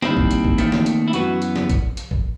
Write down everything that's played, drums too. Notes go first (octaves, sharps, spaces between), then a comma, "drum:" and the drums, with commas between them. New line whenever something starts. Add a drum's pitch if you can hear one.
D#2 D#3 G3 C4 E4, drum: snare
drum: kick
drum: hi-hat
drum: kick
D#2 D#3 A3 C4, drum: hi-hat
drum: snare
drum: hi-hat
E4
F#2 E3 B3 F#4, drum: hi-hat
drum: hi-hat
drum: snare
drum: kick, hi-hat
drum: hi-hat
drum: kick